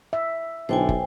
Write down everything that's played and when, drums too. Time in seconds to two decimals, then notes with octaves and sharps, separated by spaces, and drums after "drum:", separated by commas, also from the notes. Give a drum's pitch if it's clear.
0.13 E5
0.69 B1 D3 E4 C5 G5 G#5
0.89 drum: kick